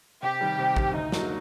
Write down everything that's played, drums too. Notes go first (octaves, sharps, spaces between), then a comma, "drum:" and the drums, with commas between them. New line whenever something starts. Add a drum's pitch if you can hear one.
C3 G4
D#3 G3
C3
D#3 G3, drum: kick
D2 D#4
D3 F#3 A#3 F#4, drum: snare